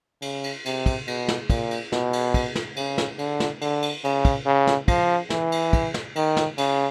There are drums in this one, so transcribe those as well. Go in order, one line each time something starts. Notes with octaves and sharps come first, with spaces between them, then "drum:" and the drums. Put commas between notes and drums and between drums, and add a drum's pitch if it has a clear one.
C#3, drum: cymbal
drum: cymbal
C3, drum: cymbal
drum: kick, cymbal
B2, drum: cymbal
drum: snare
A#2, drum: kick, cymbal
drum: cymbal
B2, drum: snare
drum: cymbal
drum: kick, cymbal
drum: snare
C#3, drum: cymbal
drum: snare
D3, drum: cymbal
drum: snare
D3, drum: cymbal
drum: cymbal
C#3, drum: cymbal
drum: kick, cymbal
C#3
drum: snare
F3, drum: kick, cymbal
E3, drum: snare
drum: cymbal
drum: kick, cymbal
drum: snare
D#3, drum: cymbal
drum: snare
C#3, drum: cymbal